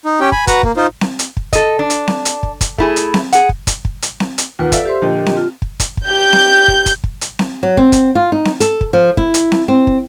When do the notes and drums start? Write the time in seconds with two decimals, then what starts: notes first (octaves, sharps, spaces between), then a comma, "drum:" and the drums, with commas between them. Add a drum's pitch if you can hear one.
0.05 D#4
0.20 C#4 G4 G5
0.32 G#5 B5, drum: kick
0.47 F#4 B4 F#5 A#5, drum: kick, hi-hat
0.63 A#3, drum: kick
0.77 D#4 F4 C5
1.01 drum: snare C4
1.19 drum: hi-hat
1.37 drum: kick
1.53 A4 D#5, drum: kick, hi-hat
1.79 D4
1.90 drum: hi-hat
2.08 drum: snare C4
2.25 drum: hi-hat
2.43 drum: kick
2.61 drum: kick, hi-hat
2.78 A3 E4 G#4, drum: kick
2.96 drum: hi-hat
3.14 drum: snare C4
3.32 G#4 F#5, drum: hi-hat
3.49 drum: kick
3.67 drum: kick, hi-hat
3.85 drum: kick
4.02 drum: hi-hat
4.20 drum: snare C4
4.38 drum: hi-hat
4.59 D#2 F4 B4 F#5
4.72 A4 D5 E5 F5, drum: kick, hi-hat
4.85 G4 C5 C6
5.02 A#2 D3 F3 G4 D#5 G5
5.26 drum: snare C4
5.37 F4
5.62 drum: kick
5.80 drum: kick, hi-hat
5.97 drum: kick
6.07 G4 G6
6.33 drum: snare C4
6.68 drum: kick
6.86 drum: kick, hi-hat
7.04 drum: kick
7.21 drum: hi-hat
7.39 drum: snare C4
7.63 F#3
7.77 C4, drum: kick
7.92 drum: kick, hi-hat
8.15 F4
8.32 D#4
8.45 drum: snare C4
8.60 A4, drum: hi-hat
8.81 drum: kick
8.93 F3
9.17 E4, drum: kick
9.34 drum: hi-hat
9.52 drum: snare C4
9.68 C4
9.87 drum: kick